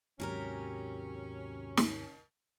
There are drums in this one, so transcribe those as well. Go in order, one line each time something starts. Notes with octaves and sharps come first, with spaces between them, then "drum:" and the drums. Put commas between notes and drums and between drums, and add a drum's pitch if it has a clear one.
D#2 G#2 C3 F#3 C#4 G4 A#4
drum: snare